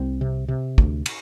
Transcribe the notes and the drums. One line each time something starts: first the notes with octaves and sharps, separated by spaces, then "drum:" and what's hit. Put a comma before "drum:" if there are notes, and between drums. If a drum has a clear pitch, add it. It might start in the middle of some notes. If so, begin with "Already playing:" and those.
Already playing: C2 C4
C3
C3
D2, drum: kick
drum: cymbal